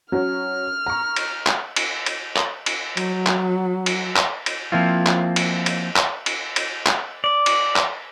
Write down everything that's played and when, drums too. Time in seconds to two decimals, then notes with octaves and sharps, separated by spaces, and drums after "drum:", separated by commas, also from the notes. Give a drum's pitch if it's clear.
0.12 F#3 C#4 F6
0.86 A#5 C#6
1.16 drum: cymbal
1.46 drum: clap
1.76 drum: cymbal
2.06 drum: cymbal
2.36 drum: clap
2.66 drum: cymbal
2.97 F#3, drum: cymbal
3.26 drum: clap
3.86 drum: cymbal
4.16 drum: clap
4.46 drum: cymbal
4.72 F3 A#3 C4 E4 F4
5.06 drum: clap
5.36 drum: cymbal
5.66 drum: cymbal
5.96 drum: clap
6.26 drum: cymbal
6.56 drum: cymbal
6.86 drum: clap
7.24 D5
7.46 drum: cymbal
7.76 drum: clap